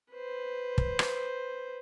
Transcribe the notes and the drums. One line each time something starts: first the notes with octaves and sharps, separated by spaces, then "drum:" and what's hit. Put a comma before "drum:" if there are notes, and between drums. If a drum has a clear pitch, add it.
B4 C5
drum: kick
drum: rim click